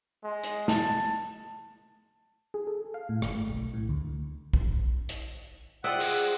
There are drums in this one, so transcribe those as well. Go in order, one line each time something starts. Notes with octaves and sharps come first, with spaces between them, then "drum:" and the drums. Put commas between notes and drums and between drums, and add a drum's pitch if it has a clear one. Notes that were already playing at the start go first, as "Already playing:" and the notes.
G#3
drum: hi-hat
A5, drum: snare
G#4
A4
F5
A2
G1, drum: rim click
A3
B1
A2
D2
drum: kick A#1
drum: hi-hat
G#3 F4 G#4 C5 D5 E5 F#5 G5
drum: cymbal